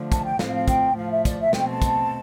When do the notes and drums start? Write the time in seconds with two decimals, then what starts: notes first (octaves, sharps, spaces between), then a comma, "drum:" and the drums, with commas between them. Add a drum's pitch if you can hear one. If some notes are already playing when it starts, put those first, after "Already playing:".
Already playing: D3 F3 A3
0.12 A5, drum: kick, hi-hat
0.25 G5
0.39 A2 F3 C4 F5, drum: snare
0.54 F5
0.68 G5, drum: kick, hi-hat
0.96 A2 F3 A3 F5
1.11 E5
1.25 D5, drum: kick, hi-hat
1.39 E5
1.53 B2 A3 C4 G5, drum: snare
1.68 A5
1.82 drum: kick, hi-hat